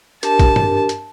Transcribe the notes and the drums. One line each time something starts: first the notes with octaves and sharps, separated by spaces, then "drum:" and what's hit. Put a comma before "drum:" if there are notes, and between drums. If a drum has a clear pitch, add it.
D4 G4 A#4 A5, drum: hi-hat
drum: kick, hi-hat
drum: tom G2
drum: hi-hat